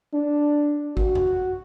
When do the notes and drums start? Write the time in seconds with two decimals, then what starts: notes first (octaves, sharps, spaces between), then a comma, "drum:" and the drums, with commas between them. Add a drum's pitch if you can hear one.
0.14 D4
0.97 F#4, drum: kick A1
1.15 drum: tom F2